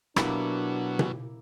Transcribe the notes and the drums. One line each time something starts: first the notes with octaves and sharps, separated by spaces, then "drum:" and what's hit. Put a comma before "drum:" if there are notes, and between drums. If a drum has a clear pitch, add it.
B2 F#3 A#3 D4 E4 G4, drum: rim click
drum: tom B2